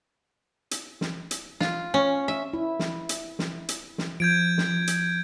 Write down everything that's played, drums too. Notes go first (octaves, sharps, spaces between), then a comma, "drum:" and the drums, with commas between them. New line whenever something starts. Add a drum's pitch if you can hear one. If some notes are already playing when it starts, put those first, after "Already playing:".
drum: hi-hat
drum: snare
drum: hi-hat
F4, drum: snare
C#4
E5
E4
drum: snare
drum: hi-hat
drum: snare
drum: hi-hat
drum: snare
F3 G6 G#6 D7
drum: snare
drum: hi-hat